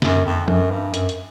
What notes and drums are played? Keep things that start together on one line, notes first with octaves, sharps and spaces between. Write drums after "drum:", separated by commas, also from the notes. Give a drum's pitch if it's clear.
F#2, drum: snare
F2
F#2, drum: tom F3
G2
F#2, drum: hi-hat
drum: hi-hat